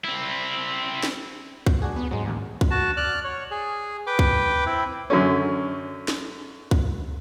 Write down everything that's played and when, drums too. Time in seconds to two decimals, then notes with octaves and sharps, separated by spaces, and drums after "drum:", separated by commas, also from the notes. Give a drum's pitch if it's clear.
0.04 C4 E4
1.03 drum: snare
1.66 drum: kick C2
1.82 D4 F#4 G#4
1.96 B3
2.11 G#2 F#3 G#3
2.26 A1 D#2
2.61 drum: kick C2
2.71 F#4 A5
2.97 D5 F6 F#6
3.24 C#5
3.51 G#4
4.07 B4 G5 D6
4.19 drum: kick C2
4.66 C4 E4
5.10 F#2 D3 C#4
6.08 drum: snare
6.71 drum: kick C2